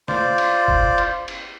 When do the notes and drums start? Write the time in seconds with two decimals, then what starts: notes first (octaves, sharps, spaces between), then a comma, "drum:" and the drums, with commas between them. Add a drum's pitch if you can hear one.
0.08 F4 C5 D5, drum: snare
0.38 drum: cymbal
0.68 drum: kick
0.98 drum: cymbal
1.28 drum: cymbal